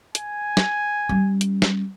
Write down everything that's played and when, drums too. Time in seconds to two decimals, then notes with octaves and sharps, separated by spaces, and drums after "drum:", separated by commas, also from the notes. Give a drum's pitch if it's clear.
0.15 G#5, drum: hi-hat
0.57 drum: snare
1.09 G3 C#4
1.41 drum: hi-hat
1.62 drum: snare